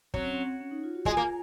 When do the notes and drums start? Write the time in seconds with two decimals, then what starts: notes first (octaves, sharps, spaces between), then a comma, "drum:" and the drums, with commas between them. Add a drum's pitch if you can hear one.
0.14 F#3 C4, drum: kick
0.24 C#4
0.34 C4
0.60 C#4
0.71 D#4
0.84 F4
0.95 F#4
1.05 G#3 F4, drum: kick
1.17 A#3